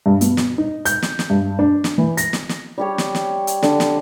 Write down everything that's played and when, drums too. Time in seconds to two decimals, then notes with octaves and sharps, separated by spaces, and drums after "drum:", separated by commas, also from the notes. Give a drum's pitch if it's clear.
0.06 G2
0.21 B2, drum: hi-hat
0.37 drum: snare
0.58 D#4
0.85 G6, drum: hi-hat
1.02 drum: snare
1.19 drum: snare
1.30 G2
1.59 D4
1.84 drum: snare
1.98 E3
2.17 A#6, drum: hi-hat
2.33 drum: snare
2.49 drum: snare
2.78 G3 G4 C#5
2.98 drum: snare
3.15 drum: snare
3.47 drum: hi-hat
3.63 D3, drum: snare
3.80 drum: snare